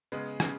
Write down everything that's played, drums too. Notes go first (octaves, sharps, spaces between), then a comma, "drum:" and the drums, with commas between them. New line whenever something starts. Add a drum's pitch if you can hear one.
C#3 G#3 B3
C#3, drum: rim click